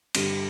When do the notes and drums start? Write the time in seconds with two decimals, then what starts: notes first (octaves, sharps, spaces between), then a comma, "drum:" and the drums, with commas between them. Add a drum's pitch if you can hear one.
0.15 G2 D3 G3, drum: cymbal